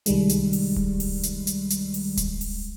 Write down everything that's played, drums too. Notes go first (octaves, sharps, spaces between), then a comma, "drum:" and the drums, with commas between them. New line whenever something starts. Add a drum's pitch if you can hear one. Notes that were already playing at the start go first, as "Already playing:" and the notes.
C2 D#3 G3 G#3, drum: hi-hat
drum: hi-hat
drum: open hi-hat
drum: kick D1
drum: open hi-hat
drum: hi-hat
drum: hi-hat
drum: hi-hat
drum: open hi-hat
drum: kick D1, hi-hat
drum: open hi-hat